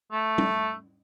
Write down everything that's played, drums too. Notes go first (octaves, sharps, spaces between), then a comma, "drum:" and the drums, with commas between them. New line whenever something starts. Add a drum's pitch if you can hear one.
A3
drum: tom G3